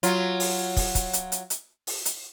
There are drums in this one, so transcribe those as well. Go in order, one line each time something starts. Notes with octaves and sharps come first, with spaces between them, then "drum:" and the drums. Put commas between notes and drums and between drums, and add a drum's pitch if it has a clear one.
F#3 F4, drum: hi-hat
drum: open hi-hat
drum: kick, open hi-hat
drum: kick, hi-hat
drum: hi-hat
drum: hi-hat
drum: hi-hat
drum: open hi-hat
drum: hi-hat